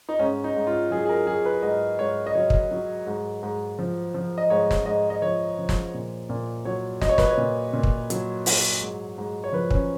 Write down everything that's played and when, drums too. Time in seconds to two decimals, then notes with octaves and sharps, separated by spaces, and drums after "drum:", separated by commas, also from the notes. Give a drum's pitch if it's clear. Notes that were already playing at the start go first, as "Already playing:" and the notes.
0.09 D#4
0.19 G#2 C#4
0.44 D#4
0.56 G#2
0.67 F4
0.91 F#3 G#4
1.05 G#4
1.09 A#4
1.27 F#3 G#4
1.46 B4
1.63 G#2 D#5
1.99 G#2 C#5
2.27 D#5
2.35 F#3 C#5
2.50 drum: kick
2.71 F#3
3.07 G#2
3.43 G#2
3.79 F3
4.14 F3
4.38 D#5
4.50 G#2 C#5
4.71 drum: snare
4.86 G#2 D#5
5.10 D#5
5.22 F3 C#5
5.59 F3
5.69 drum: snare
5.94 A#2
6.29 A#2
6.65 F#3 C#5
7.01 F#3 D#5, drum: snare
7.09 C#5
7.18 B4, drum: snare
7.26 C#5
7.37 A#2
7.73 A#2
7.83 drum: kick
8.10 F#3, drum: hi-hat
8.46 F#3, drum: open hi-hat
8.81 G#2
9.18 G#2
9.44 C#5
9.53 F3 B4
9.71 C#4, drum: kick